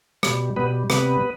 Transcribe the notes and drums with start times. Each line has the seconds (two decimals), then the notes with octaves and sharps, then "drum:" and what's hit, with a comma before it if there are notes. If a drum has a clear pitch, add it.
0.23 B2 G3, drum: rim click
0.56 B2 G3 B3 B4
0.90 C3 G3 B3 B4, drum: rim click